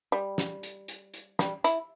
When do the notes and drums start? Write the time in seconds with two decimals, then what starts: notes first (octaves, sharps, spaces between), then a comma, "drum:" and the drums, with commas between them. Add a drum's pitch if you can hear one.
0.12 G3
0.38 drum: snare
0.63 drum: hi-hat
0.88 drum: hi-hat
1.14 drum: hi-hat
1.39 G3, drum: snare
1.64 E4, drum: hi-hat